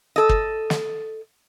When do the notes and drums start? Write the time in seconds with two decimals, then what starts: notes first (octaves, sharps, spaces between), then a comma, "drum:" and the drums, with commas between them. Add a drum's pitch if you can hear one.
0.16 A4 D#5
0.29 drum: kick
0.70 drum: snare